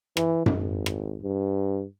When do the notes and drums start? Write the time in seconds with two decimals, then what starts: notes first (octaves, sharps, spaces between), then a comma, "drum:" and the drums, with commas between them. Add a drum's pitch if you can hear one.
0.17 E3, drum: rim click
0.46 G#1, drum: tom F#2
0.86 drum: rim click
1.22 G2